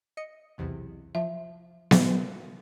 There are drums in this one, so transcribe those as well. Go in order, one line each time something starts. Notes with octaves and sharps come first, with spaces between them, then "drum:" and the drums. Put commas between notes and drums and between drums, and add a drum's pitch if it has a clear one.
D#5 C#7
B1 E2 C3
F3 E5
drum: snare B3